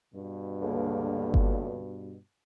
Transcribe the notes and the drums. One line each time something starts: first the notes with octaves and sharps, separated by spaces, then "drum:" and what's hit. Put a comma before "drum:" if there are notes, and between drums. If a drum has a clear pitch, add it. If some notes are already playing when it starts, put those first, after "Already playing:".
G2 B2
C#2 D3 A#3
drum: kick G1